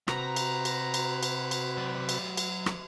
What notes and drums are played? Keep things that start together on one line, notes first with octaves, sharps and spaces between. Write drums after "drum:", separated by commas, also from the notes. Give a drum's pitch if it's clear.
C3 F#4 B4 A#5, drum: rim click
drum: cymbal
drum: cymbal
drum: cymbal
drum: cymbal
drum: cymbal
F#3 D5
drum: cymbal
drum: cymbal
drum: rim click